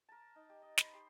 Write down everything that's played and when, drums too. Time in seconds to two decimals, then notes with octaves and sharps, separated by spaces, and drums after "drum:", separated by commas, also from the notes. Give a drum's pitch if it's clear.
0.09 A#4 A5
0.36 D#4
0.50 G4
0.62 D#5
0.78 C5 B5, drum: snare
0.93 G4 C6